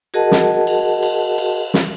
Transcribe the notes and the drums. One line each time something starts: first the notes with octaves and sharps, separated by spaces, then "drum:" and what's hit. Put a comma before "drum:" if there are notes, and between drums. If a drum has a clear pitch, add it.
F#4 G#4 A#4 D#5 F#5 A5
drum: snare
drum: cymbal
drum: cymbal
drum: cymbal
drum: snare